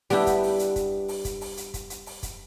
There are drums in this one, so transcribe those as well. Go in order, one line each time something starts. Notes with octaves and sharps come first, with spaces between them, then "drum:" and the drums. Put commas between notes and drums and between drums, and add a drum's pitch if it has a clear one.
G3 B3 D4 E4 G4, drum: open hi-hat
drum: kick, hi-hat
drum: open hi-hat
drum: hi-hat
drum: kick, hi-hat
drum: open hi-hat
drum: kick, hi-hat
drum: open hi-hat
drum: hi-hat
drum: kick, hi-hat
drum: hi-hat
drum: open hi-hat
drum: kick, hi-hat